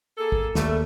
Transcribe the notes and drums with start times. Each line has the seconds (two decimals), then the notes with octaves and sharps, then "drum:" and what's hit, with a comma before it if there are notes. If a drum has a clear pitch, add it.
0.17 A#3 G#4 A4
0.32 drum: kick
0.55 D#2 C#3 G3 A3, drum: snare